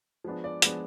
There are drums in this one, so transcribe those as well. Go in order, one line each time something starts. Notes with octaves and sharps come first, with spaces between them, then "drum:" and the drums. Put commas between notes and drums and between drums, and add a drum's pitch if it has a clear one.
F3 G#3 B3 D4
D5
F3 G#3 B3 D4, drum: hi-hat